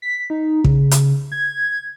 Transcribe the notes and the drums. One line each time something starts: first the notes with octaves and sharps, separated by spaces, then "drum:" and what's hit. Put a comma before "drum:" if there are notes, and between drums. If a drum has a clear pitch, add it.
B6
D#4
C#3, drum: kick
drum: hi-hat
G#6